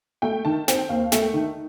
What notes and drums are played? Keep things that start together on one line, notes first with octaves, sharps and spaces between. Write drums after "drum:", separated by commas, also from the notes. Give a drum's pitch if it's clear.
A3 G5
D#3 A5
C4 G5, drum: snare
D#2 F5
A3 G5, drum: snare
D#3